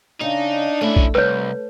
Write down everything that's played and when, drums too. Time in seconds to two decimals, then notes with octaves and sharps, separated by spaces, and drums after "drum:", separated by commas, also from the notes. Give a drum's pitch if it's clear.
0.21 C#3 D4 D#4
0.81 A3 C#4 E4
0.96 drum: kick B1
1.15 C2 B4 C#5